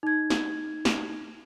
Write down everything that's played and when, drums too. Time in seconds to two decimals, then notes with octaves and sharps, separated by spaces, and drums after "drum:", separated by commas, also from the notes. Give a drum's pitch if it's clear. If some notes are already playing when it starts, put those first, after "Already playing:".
0.03 D#4 G#6
0.30 drum: snare
0.85 drum: snare